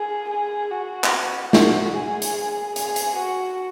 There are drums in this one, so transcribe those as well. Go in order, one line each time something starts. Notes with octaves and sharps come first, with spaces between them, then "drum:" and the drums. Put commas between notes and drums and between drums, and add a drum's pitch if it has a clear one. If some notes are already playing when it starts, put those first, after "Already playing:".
Already playing: G#4
G#4
F#4
drum: clap
F#4, drum: snare
G#4
drum: hi-hat
G#4, drum: hi-hat
drum: hi-hat
F#4